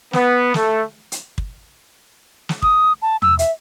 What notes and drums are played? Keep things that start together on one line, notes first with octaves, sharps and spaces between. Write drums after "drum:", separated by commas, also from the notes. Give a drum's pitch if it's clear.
B3, drum: snare
A3, drum: snare
drum: hi-hat
drum: kick
drum: snare
D#6, drum: kick
A5
E6, drum: tom E2
E5, drum: hi-hat